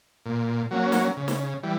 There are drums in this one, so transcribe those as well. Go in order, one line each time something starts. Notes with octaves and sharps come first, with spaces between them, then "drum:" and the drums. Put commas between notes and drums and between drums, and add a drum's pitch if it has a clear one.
A#2
F#3 A#3 C#4
drum: snare
C#3
drum: snare
E3 G3